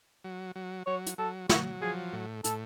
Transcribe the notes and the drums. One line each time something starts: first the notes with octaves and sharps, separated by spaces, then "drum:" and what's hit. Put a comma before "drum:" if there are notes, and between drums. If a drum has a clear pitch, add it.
F#3
F#3
F#3 C#5
drum: hi-hat
F#3 A4
F#3 F#4, drum: snare
F3 G#4
A2
A2 A4, drum: hi-hat